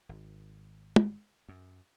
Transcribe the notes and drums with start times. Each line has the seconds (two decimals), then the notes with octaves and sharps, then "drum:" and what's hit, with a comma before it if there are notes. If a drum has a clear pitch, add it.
0.09 G#1
0.96 drum: tom
1.49 F#2